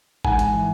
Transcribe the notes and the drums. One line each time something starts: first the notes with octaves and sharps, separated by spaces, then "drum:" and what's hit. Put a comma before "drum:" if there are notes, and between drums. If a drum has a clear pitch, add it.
G#2 F#5 G#5, drum: kick A1
drum: hi-hat
E3